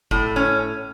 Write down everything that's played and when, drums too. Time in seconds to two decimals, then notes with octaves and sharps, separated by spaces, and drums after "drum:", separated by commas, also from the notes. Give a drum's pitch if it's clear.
0.11 A2, drum: kick
0.36 C#4